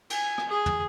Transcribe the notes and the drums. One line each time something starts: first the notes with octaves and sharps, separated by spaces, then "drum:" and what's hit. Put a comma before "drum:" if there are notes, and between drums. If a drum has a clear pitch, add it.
G#5, drum: cymbal
drum: rim click
G#4
drum: tom